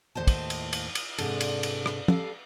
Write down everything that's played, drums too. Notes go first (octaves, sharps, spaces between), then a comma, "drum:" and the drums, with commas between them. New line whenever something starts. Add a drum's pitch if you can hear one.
D#2 A2 C5 D#5 A5
drum: kick, cymbal
drum: cymbal
drum: cymbal
drum: cymbal
G#2 C3 D4 A4, drum: cymbal
drum: cymbal
drum: cymbal
drum: rim click
G3 A4 F5, drum: tom